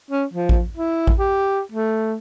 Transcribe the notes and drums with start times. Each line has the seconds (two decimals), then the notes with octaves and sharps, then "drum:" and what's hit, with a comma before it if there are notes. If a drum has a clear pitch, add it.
0.11 C#4
0.34 F3
0.49 drum: kick A1
0.77 E4
1.07 drum: kick A1
1.19 G4
1.72 A3